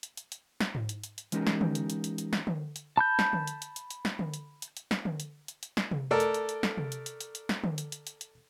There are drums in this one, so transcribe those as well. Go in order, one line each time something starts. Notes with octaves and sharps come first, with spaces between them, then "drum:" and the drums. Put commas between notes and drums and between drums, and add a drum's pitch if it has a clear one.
drum: hi-hat
drum: hi-hat
drum: hi-hat
drum: snare
drum: tom G#2
drum: hi-hat
drum: hi-hat
drum: hi-hat
E3 G#3 C#4 D#4 G4 A#4, drum: hi-hat
drum: snare
drum: tom D3
drum: hi-hat
drum: hi-hat
drum: hi-hat
drum: hi-hat
drum: snare
drum: tom D3
drum: hi-hat
A5 B5 G6
drum: snare
drum: tom D3
drum: hi-hat
drum: hi-hat
drum: hi-hat
drum: hi-hat
drum: snare
drum: tom D3
drum: hi-hat
drum: hi-hat
drum: hi-hat
drum: snare
drum: tom D3
drum: hi-hat
drum: hi-hat
drum: hi-hat
drum: snare
drum: tom C3
A3 A4 A#4 D5
drum: hi-hat
drum: hi-hat
drum: hi-hat
drum: snare
drum: tom C3
drum: hi-hat
drum: hi-hat
drum: hi-hat
drum: hi-hat
drum: snare
drum: tom D3
drum: hi-hat
drum: hi-hat
drum: hi-hat
drum: hi-hat